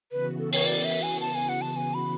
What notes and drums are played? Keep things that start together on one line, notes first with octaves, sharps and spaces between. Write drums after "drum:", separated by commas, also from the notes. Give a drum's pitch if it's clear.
C#3 E3 B3 F#4 B4
A4
C#5, drum: open hi-hat
D5
E5
G#5
A5
G#5
F#5
A5
G#5
B5